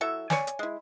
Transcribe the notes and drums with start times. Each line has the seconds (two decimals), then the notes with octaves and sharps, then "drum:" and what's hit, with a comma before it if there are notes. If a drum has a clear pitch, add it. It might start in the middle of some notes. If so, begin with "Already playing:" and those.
0.01 F#3 E4 A4 E5
0.30 C#5 D5 G#5, drum: snare
0.47 drum: hi-hat
0.59 G#3 E4